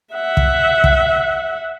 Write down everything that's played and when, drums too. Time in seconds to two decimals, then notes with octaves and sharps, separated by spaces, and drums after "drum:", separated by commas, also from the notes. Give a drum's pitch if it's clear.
0.13 E5 F#5
0.37 drum: kick
0.84 drum: kick